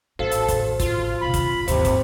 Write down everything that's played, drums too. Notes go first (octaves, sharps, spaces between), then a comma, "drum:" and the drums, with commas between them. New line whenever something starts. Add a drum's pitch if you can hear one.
A1 F#4 A4 C5 F5
drum: hi-hat
drum: kick, hi-hat
F4, drum: kick, hi-hat
C3 D#3 B5
drum: kick, hi-hat
G#1 D#2 C3 E3 C5 B5, drum: hi-hat
drum: kick, hi-hat